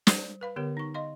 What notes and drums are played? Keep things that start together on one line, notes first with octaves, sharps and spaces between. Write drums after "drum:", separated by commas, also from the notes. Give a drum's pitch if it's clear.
G3 C5, drum: snare
B4 F5 B5
D3 B3 G4 A#4 C#5
D#4 C#6
D#5 F5 C6